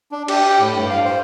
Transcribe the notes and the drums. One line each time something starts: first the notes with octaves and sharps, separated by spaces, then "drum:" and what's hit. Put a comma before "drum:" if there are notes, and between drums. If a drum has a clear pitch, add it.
D4
G4, drum: cymbal
G4
A2
G2
F5
C5